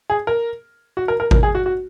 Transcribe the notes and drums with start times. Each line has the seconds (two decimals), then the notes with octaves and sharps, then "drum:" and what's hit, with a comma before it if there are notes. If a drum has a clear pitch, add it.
0.10 G#4
0.27 A#4
0.97 F#4
1.08 A#4
1.20 A#4
1.31 A#4, drum: kick G#1
1.43 G#4
1.55 F#4
1.66 F#4